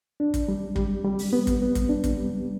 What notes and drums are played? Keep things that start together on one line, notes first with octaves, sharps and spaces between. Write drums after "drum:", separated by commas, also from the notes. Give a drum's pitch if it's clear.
D4
drum: kick, hi-hat
G3
G3, drum: kick
G3
drum: open hi-hat
B3
drum: kick, hi-hat
B3
drum: kick, hi-hat
D4
drum: kick, hi-hat
G3